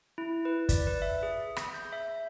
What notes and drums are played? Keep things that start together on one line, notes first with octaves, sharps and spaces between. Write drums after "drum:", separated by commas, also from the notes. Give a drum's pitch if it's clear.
E4
B4
D5, drum: kick, hi-hat
B4
E5
G#4
drum: rim click
G6
E5